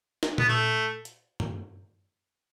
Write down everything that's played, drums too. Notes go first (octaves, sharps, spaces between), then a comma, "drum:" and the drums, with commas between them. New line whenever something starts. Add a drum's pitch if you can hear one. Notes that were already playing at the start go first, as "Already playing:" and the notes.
drum: snare
B3, drum: tom A#2
A3
drum: hi-hat
drum: tom G2